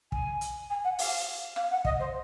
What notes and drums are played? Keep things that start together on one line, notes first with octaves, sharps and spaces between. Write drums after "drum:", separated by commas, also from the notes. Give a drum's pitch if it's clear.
G#5, drum: kick
drum: hi-hat
G#5
F#5
F5, drum: open hi-hat
F5, drum: rim click
F#5
D#5, drum: kick
C5